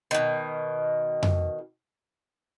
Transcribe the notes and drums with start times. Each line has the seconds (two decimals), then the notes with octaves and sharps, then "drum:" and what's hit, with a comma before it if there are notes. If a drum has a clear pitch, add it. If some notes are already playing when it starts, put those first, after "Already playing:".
0.11 B2 D#3
1.23 drum: tom F2